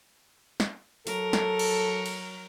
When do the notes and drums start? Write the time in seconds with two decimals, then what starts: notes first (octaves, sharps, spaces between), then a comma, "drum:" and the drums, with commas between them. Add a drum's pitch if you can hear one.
0.60 drum: snare
1.07 F#3 A4 A#4, drum: open hi-hat
1.33 drum: snare
1.59 drum: cymbal
2.06 drum: cymbal